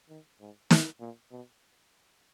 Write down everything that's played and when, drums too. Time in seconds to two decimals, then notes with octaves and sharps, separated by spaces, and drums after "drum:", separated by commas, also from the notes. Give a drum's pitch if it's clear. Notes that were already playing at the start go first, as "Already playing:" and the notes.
0.09 D#3
0.40 G#2
0.70 A#2, drum: snare
1.00 A#2
1.31 B2